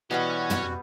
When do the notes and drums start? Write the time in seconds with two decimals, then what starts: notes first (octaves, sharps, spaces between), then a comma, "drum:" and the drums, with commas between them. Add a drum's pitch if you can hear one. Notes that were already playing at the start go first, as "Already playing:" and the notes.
0.11 B2 E3 G3 B3 C#4 F#4
0.50 drum: tom